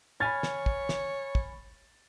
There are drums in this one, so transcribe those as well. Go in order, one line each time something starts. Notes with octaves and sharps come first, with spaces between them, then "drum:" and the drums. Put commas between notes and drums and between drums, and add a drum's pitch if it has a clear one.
C#5 G#5 B5 F6 G#6 A6
drum: snare
drum: kick
drum: snare
drum: kick